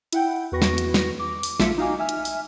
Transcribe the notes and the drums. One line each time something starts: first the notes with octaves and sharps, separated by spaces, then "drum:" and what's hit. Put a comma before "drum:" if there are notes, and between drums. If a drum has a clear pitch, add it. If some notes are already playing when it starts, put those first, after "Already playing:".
E4 F#5 G5, drum: hi-hat
E2 F#4 B4 C#6 A#6
drum: snare
drum: hi-hat
drum: snare
D6
drum: open hi-hat
A#1 A3 F4 E5 B6 C#7, drum: snare
D#4 F#4 F5 G#5 D6
E5 G#5 F6
drum: hi-hat
drum: open hi-hat